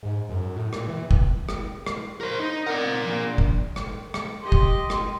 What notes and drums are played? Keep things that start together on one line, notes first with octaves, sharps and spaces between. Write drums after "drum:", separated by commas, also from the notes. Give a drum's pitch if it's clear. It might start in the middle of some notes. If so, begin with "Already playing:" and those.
G#2
F#2
A2
A#2, drum: rim click
E3
drum: kick
drum: rim click
drum: rim click
A#4 C5
D#4
C4 A#4 D5 F#5
F3 A#3
drum: kick
drum: rim click
drum: rim click
G4 D#5 C6
drum: kick
drum: rim click